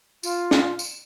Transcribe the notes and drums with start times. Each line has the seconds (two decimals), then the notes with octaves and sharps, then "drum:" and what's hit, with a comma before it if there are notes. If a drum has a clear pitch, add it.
0.23 F4, drum: tambourine
0.51 drum: snare
0.79 drum: tambourine